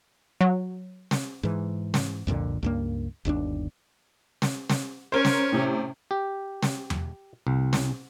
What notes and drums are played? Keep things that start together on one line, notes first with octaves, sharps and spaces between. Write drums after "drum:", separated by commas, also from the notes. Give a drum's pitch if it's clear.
F#3
drum: snare
G#2 E3
drum: snare
C2 F2 A#2 D3
C#2 G2 A#3
G1 D#2 C4 D4
drum: snare
drum: snare
C#4 A#4 C5
drum: snare
A2 C3
G4
drum: snare
drum: tom E2
C2
drum: snare